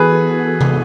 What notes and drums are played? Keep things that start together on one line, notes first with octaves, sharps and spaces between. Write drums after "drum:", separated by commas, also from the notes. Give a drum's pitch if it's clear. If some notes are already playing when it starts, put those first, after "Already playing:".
Already playing: E3 B3 F#4 G#4 A4 B4
drum: tom C3